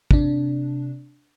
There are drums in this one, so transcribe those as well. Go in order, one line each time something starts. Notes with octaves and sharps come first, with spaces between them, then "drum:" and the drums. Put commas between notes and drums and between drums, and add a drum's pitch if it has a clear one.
C3 D4, drum: kick